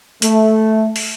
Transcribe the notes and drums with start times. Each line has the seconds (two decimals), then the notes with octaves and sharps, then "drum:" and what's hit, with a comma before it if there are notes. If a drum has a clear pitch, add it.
0.22 A3, drum: hi-hat
0.96 drum: open hi-hat